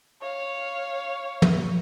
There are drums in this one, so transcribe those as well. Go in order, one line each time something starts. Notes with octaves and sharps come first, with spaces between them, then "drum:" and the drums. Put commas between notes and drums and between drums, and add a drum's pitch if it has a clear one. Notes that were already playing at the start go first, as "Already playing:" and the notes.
C#5 F5
drum: tom